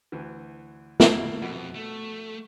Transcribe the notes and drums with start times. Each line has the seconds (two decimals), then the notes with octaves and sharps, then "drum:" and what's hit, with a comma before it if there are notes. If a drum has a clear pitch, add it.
0.12 D2 E3
1.00 A3 A#3, drum: snare
1.42 F2 B2
1.75 A3